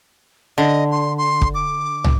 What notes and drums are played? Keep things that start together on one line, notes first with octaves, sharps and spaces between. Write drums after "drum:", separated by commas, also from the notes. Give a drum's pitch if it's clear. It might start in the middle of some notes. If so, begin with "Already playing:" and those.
D3 D#5
C6
C6
drum: kick
D6
drum: tom